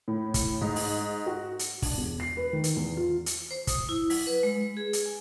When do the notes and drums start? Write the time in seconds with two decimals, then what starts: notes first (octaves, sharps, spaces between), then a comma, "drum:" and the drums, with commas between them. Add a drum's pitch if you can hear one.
0.08 A2
0.34 drum: kick, hi-hat
0.61 G#2
0.76 drum: open hi-hat
1.26 F#4
1.59 drum: hi-hat
1.82 D4, drum: kick, open hi-hat
1.98 E1
2.20 C7
2.37 B4
2.53 D#3
2.64 drum: hi-hat
2.76 E2
2.97 F4
3.26 drum: hi-hat
3.51 C5
3.67 D#6, drum: kick, hi-hat
3.89 E4
4.10 F#3, drum: open hi-hat
4.27 B4
4.43 G#3
4.77 G#4
4.93 drum: hi-hat
5.05 G#5